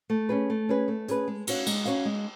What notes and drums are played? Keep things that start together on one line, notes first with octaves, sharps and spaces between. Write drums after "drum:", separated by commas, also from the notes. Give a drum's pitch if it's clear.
A3
C#4 G#4 B4
A3
C#4 G#4 B4
A3
C#4 G#4 B4, drum: hi-hat
G#3
C#4 F#4 C#5 F5, drum: cymbal
G#3, drum: cymbal
C#4 F#4 C#5 F5, drum: hi-hat
G#3